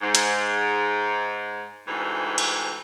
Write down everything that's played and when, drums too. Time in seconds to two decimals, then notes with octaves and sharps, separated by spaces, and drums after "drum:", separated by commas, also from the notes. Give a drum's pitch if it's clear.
0.01 G#2
0.15 drum: hi-hat
1.88 D2 G#2 C3 E3
2.38 drum: cymbal